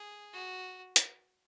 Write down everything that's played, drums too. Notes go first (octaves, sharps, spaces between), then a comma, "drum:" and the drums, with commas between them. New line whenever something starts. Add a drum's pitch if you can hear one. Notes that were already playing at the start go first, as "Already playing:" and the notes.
Already playing: G#4
F#4
drum: hi-hat